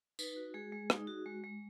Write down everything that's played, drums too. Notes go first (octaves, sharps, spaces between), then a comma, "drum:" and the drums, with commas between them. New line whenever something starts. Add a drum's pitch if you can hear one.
D#4 B4, drum: tambourine
F#4
G#3 G#4
G#3
D#4, drum: rim click
F#4
G#3
G#3